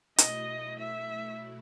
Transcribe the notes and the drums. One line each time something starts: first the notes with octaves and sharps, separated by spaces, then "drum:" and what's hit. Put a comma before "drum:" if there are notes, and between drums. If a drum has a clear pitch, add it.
B2 F#3 A3 E4 D#5, drum: hi-hat
E5